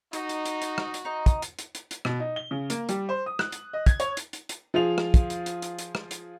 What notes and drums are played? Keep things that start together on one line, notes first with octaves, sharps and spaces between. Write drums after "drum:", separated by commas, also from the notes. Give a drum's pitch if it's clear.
D#4 F#4, drum: hi-hat
drum: hi-hat
drum: hi-hat
drum: hi-hat
drum: rim click
drum: hi-hat
D#4 D#5
drum: kick, hi-hat
drum: hi-hat
drum: hi-hat
drum: hi-hat
drum: hi-hat
B2, drum: rim click
D#4
G7
C#3
A#3, drum: hi-hat
G3, drum: hi-hat
C5
D#6
F#6, drum: rim click
drum: hi-hat
D#5
G#6, drum: kick, hi-hat
C#5, drum: hi-hat
drum: hi-hat
drum: hi-hat
drum: hi-hat
F3 F4 G#4 F7
drum: rim click
drum: kick, hi-hat
drum: hi-hat
drum: hi-hat
drum: hi-hat
drum: hi-hat
drum: rim click
drum: hi-hat